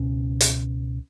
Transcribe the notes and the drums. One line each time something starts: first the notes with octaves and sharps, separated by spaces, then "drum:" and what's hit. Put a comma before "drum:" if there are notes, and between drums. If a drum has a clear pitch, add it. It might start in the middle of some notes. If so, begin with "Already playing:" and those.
Already playing: C#2 B2 C#4
drum: hi-hat